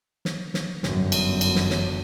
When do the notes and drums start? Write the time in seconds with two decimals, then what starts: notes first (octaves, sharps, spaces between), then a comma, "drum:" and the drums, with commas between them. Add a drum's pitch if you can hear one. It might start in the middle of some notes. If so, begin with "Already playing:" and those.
0.25 drum: snare
0.54 drum: snare
0.83 G1 F#2, drum: snare
1.12 drum: cymbal
1.41 drum: cymbal
1.56 drum: snare
1.70 drum: snare